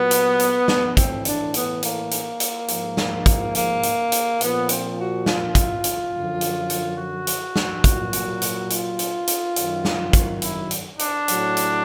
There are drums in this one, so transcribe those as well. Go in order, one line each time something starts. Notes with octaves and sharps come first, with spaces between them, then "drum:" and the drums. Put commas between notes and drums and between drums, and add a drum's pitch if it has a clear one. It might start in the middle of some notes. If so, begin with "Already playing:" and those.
Already playing: A#2 F#3 B3
drum: hi-hat
drum: hi-hat
drum: snare
A2 E3 C4, drum: kick, hi-hat
D4, drum: hi-hat
B3, drum: hi-hat
A#3, drum: hi-hat
drum: hi-hat
drum: hi-hat
G#2 F3, drum: hi-hat
drum: snare
drum: kick, hi-hat
A#3, drum: hi-hat
drum: hi-hat
drum: hi-hat
A#2 F3 B3, drum: hi-hat
C4, drum: hi-hat
F#4
F4, drum: snare
drum: kick, hi-hat
drum: hi-hat
F#2 D3 F3
drum: hi-hat
drum: hi-hat
F#4
drum: hi-hat
drum: snare
A#2 F#3, drum: kick, hi-hat
drum: hi-hat
drum: hi-hat
F4, drum: hi-hat
drum: hi-hat
drum: hi-hat
F#2 D#3 F#3, drum: hi-hat
drum: snare
drum: kick, hi-hat
E4, drum: hi-hat
drum: hi-hat
D4, drum: hi-hat
A2 F#3, drum: hi-hat
drum: hi-hat